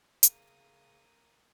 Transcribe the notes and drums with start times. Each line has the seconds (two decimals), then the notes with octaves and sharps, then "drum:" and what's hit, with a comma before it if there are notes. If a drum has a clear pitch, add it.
0.23 C#3 A#3 D#6, drum: hi-hat